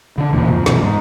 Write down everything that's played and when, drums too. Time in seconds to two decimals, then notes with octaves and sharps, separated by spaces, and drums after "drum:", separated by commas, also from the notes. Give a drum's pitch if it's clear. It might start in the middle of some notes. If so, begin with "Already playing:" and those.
0.18 D3 D4
0.32 E1 D#2 A#2 E3
0.48 F2, drum: tom G2
0.66 F#2 B2 E3, drum: snare
0.83 G#2